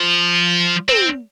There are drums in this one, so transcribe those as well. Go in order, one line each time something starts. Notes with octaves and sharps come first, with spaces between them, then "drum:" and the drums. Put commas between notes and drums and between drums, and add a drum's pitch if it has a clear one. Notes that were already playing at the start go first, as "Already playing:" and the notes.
Already playing: F3
C4, drum: tom